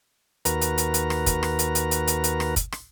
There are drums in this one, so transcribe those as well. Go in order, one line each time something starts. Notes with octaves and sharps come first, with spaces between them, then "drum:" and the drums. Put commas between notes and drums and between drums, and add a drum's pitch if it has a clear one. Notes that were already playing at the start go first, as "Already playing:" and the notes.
D#2 F#4 A#4 B4 A#5, drum: hi-hat
drum: hi-hat
drum: hi-hat
drum: hi-hat
drum: rim click
drum: kick, hi-hat
drum: rim click
drum: hi-hat
drum: hi-hat
drum: hi-hat
drum: hi-hat
drum: hi-hat
drum: rim click
drum: kick, hi-hat
drum: rim click